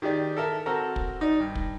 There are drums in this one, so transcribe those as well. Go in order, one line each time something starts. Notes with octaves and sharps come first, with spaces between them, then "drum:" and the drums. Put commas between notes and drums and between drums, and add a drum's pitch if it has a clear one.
D#3 G4 G#4 D5
A4 A#4 E5
C4 F#4 A4 A#4 A#5
drum: kick
D#4 D5
G2
drum: kick